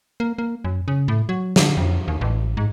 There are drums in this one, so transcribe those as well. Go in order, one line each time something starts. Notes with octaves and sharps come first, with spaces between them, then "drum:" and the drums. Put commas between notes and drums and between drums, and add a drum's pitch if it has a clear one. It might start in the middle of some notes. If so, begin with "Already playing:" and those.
A#3
A#3
F#2
C#3
A2
F#3
D3, drum: snare
F2
D#2
A1
G#2